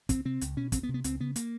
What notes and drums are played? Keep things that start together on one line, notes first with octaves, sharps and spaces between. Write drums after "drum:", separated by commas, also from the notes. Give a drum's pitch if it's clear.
C#2 C4, drum: kick, hi-hat
C3 C4
C#2, drum: hi-hat
B2 C#4
D2 C4, drum: kick, hi-hat
B3
C3
B3
C#2 C4, drum: hi-hat
C#3 B3
A#3, drum: hi-hat